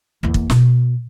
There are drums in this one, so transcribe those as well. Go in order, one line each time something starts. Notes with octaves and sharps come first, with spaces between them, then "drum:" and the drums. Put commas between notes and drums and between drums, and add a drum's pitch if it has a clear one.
E2 A#3
drum: kick
B2, drum: snare